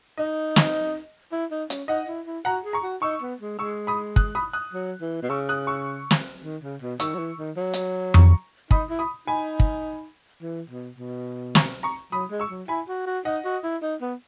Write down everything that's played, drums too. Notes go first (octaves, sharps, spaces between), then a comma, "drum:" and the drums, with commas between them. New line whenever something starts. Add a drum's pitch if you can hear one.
D#4 D#5
D#5, drum: snare
E4
D#4
C#4, drum: hi-hat
D#4 D#5 F#5
E4
E4
F#4 F#5 A#5
G#4
A#5 C#6
F#4
D#4 C#6 E6
B3
G#3
G#3 C#6 E6
B5 D#6
D#6 F#6, drum: kick
B5 D#6
D#6 F#6
F#3
E3
B2
C#3 C#6 E6
D#6 F#6
C#6 E6
drum: snare
D#3
C#3
B2
D#3 C#6 E6, drum: hi-hat
F#3
E3
D#3
F#3
drum: hi-hat
A#5 C#6, drum: tom F2
D#4 B5 D#6, drum: kick
E4
B5 D#6
D#4 G#5 B5
drum: kick
E3
B2
B2
A#5 C#6, drum: snare
A#5 C#6
F#3 B5 D#6
G#3
C#6 E6
F#3
E4 G#5 B5
F#4
F#4
D#4 D#5 F#5
F#4
E4
D#4
B3